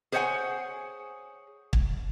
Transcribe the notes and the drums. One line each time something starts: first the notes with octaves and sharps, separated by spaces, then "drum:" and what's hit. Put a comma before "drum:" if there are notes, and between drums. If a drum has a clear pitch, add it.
G#4 C5 C#5 D#5 F#5 G#5
drum: kick